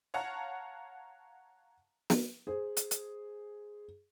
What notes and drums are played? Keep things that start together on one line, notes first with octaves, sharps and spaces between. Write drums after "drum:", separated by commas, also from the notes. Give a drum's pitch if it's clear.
C#5 F5 F#5 A5 A#5
drum: snare
G#4 C5
drum: hi-hat
drum: hi-hat